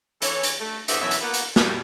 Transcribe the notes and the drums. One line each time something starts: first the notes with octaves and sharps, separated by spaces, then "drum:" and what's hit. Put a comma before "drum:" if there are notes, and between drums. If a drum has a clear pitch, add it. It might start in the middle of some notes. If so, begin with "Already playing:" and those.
E3 A4 C#5, drum: hi-hat
drum: hi-hat
A3
E2 G2 B3 A4 C5 E5, drum: hi-hat
F#2 B2 E3 F#3 E5
drum: hi-hat
A#3 B3 F4 B4 F#5
drum: hi-hat
B2 G3, drum: snare